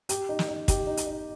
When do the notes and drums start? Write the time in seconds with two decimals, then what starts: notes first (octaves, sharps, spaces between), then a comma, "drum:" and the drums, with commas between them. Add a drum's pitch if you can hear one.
0.09 G4, drum: hi-hat
0.29 D#4
0.39 drum: snare
0.48 D#4
0.68 G4, drum: kick, hi-hat
0.87 D#4
0.97 drum: hi-hat
1.07 D#4